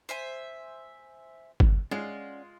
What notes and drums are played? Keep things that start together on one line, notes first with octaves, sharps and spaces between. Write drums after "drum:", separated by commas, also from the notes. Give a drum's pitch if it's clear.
C5 E5 G#5
drum: kick G1
G#3 C#4 F4 D5 F#5